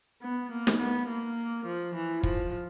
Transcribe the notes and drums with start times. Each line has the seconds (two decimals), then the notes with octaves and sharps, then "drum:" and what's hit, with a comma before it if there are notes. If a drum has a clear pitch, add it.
0.22 B3
0.51 A#3
0.67 drum: snare
0.79 B3
1.08 A#3
1.66 F3
1.95 E3
2.23 F3, drum: kick